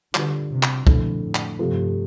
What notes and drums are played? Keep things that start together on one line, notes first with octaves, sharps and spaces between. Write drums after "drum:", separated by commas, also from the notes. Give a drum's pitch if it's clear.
D3 G3 D4 F4 B4, drum: clap
C3
drum: clap
F2 B2 D3 A3 E4, drum: kick
A2
drum: clap
G2 C3 F3 A3